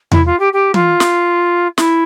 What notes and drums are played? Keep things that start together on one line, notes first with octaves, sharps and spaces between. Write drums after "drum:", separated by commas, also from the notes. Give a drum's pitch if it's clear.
E4, drum: tom E2
F4
G4
G4
F4, drum: tom E3
drum: snare
E4, drum: snare